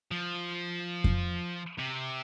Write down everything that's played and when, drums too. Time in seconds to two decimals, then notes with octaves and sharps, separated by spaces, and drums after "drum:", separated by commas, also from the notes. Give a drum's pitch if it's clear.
0.11 F3
1.04 drum: kick F2
1.79 C3